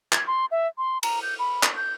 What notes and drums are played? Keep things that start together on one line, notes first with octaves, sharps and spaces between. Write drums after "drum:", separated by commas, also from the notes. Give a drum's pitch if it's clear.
G#6, drum: clap
C6
E5
C6
A#5, drum: cymbal
G6
B5
drum: clap
G6